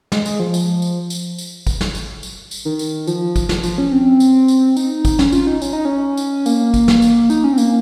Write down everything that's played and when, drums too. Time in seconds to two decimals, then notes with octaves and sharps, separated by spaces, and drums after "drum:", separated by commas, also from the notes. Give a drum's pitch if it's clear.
0.12 G#3, drum: snare
0.26 G#3, drum: tambourine
0.40 F3
0.54 drum: tambourine
0.82 drum: tambourine
1.10 drum: tambourine
1.38 drum: tambourine
1.67 drum: kick, tambourine
1.81 drum: snare
1.95 drum: tambourine
2.23 drum: tambourine
2.51 drum: tambourine
2.65 D#3
2.79 drum: tambourine
3.07 F3, drum: tambourine
3.36 drum: kick, tambourine
3.49 F3, drum: snare
3.63 F3, drum: tambourine
3.78 C#4
3.92 C4
4.20 drum: tambourine
4.48 drum: tambourine
4.77 D#4, drum: tambourine
5.05 drum: kick, tambourine
5.19 C#4, drum: snare
5.32 F4, drum: tambourine
5.47 D#4
5.62 C#4, drum: tambourine
5.73 D#4
5.85 C#4
6.17 drum: tambourine
6.46 A#3, drum: tambourine
6.74 drum: kick, tambourine
6.88 drum: snare
7.02 drum: tambourine
7.30 D#4, drum: tambourine
7.44 C#4
7.53 C4
7.58 A#3, drum: tambourine